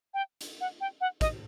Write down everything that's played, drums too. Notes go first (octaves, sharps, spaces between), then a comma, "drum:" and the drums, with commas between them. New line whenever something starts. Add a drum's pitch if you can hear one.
G5
drum: hi-hat
F#5
G5
F#5
D#5, drum: kick, hi-hat